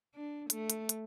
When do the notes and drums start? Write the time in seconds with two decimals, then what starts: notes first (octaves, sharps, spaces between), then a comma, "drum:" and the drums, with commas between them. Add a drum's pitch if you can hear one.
0.15 D4
0.50 A3, drum: hi-hat
0.70 drum: hi-hat
0.89 drum: hi-hat